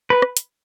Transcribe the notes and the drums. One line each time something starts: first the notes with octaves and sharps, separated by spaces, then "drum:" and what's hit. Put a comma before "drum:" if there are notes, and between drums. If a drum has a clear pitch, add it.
B4
drum: rim click
drum: hi-hat